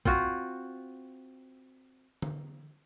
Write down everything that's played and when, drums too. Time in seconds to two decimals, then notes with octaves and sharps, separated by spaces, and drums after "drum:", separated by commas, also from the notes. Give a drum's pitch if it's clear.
0.05 C4 F4 F#4, drum: kick
2.22 drum: tom D3